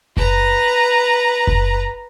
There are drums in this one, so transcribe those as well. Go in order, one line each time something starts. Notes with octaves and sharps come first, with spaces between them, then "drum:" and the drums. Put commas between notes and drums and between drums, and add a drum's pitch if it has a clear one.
B4 A#5, drum: kick F#1
drum: kick F#1